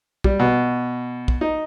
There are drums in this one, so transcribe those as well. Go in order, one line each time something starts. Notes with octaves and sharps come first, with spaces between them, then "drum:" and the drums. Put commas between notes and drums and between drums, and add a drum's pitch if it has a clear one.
G3, drum: kick
B2
drum: kick
D#4